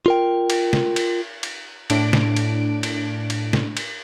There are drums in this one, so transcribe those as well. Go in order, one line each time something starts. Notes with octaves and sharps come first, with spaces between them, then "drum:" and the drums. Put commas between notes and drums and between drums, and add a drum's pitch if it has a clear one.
F4 A#4 G5
drum: cymbal
drum: snare
drum: cymbal
drum: cymbal
A2 D4 D7, drum: cymbal
drum: snare
drum: cymbal
drum: cymbal
drum: cymbal
drum: snare
drum: cymbal